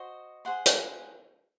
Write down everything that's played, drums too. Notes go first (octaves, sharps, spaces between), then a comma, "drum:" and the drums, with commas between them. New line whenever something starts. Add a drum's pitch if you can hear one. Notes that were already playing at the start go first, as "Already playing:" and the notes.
Already playing: F#4 C5 D#5
G#4 C5 F#5 C6
drum: hi-hat